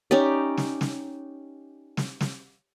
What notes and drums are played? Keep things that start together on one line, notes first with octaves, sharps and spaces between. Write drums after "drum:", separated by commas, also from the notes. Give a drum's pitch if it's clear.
C#4 D#4 G4 D5
drum: snare
drum: snare
drum: snare
drum: snare